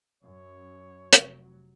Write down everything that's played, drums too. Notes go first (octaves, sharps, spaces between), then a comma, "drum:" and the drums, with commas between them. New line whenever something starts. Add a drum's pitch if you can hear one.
F#2 C#5
F1 F#3, drum: hi-hat